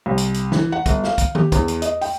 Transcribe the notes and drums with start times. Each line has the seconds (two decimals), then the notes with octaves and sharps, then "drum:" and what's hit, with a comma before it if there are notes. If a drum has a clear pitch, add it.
0.06 C2
0.18 drum: hi-hat
0.34 drum: hi-hat
0.52 E3, drum: snare
0.72 F#5
0.86 G1, drum: kick, hi-hat
1.04 F5, drum: snare
1.18 drum: kick, hi-hat
1.35 G4, drum: tom D#3
1.52 E2, drum: kick, hi-hat
1.68 drum: hi-hat
1.82 D#5, drum: hi-hat
2.01 G5, drum: open hi-hat